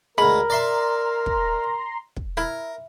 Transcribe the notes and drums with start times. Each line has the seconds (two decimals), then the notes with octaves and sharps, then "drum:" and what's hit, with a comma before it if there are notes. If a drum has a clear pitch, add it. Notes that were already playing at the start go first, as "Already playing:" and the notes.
0.18 D2 G#3 A#4 B5
0.50 D5 E5 A#5 C6
1.26 drum: kick
2.17 drum: kick
2.37 E4 A#4